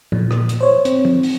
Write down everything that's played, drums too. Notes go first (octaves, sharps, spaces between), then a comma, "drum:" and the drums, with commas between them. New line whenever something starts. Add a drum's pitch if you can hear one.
A#2, drum: tom
drum: rim click
drum: hi-hat
C5 C#5
C4, drum: hi-hat
drum: tom
drum: open hi-hat